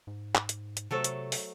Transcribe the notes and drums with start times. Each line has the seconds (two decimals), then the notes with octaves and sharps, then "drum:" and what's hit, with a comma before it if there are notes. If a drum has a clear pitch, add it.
0.07 G#2
0.35 drum: clap
0.49 drum: hi-hat
0.77 drum: hi-hat
0.91 C3 F#3 A3 A4 C5 E5 A5
1.04 drum: hi-hat
1.32 drum: open hi-hat